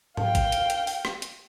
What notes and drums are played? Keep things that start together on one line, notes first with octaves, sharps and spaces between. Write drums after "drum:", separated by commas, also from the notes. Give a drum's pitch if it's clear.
F5 G5, drum: tom G#2
drum: kick A1, hi-hat
drum: hi-hat
drum: hi-hat
drum: open hi-hat
drum: rim click
drum: hi-hat